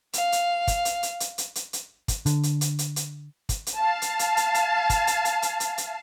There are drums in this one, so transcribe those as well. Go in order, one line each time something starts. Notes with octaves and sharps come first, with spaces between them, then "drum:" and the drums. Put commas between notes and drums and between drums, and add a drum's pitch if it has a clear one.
F5, drum: hi-hat
drum: hi-hat
drum: kick, hi-hat
drum: hi-hat
drum: hi-hat
drum: hi-hat
drum: hi-hat
drum: hi-hat
drum: hi-hat
drum: kick, hi-hat
D3, drum: hi-hat
drum: hi-hat
drum: hi-hat
drum: hi-hat
drum: hi-hat
drum: kick, hi-hat
drum: hi-hat
F5 A5
drum: hi-hat
drum: hi-hat
drum: hi-hat
drum: hi-hat
drum: kick, hi-hat
drum: hi-hat
drum: hi-hat
drum: hi-hat
drum: hi-hat
drum: hi-hat